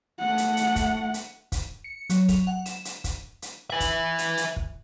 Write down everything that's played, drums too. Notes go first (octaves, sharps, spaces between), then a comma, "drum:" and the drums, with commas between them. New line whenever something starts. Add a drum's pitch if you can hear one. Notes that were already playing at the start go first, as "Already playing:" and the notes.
A3 F#5
drum: hi-hat
drum: hi-hat
drum: kick, hi-hat
drum: hi-hat
drum: kick, hi-hat
C#7
F#3, drum: hi-hat
F7, drum: kick, hi-hat
F#5
E7, drum: hi-hat
drum: hi-hat
drum: kick, hi-hat
drum: hi-hat
B4 E5
drum: kick, hi-hat
drum: hi-hat
drum: hi-hat
drum: kick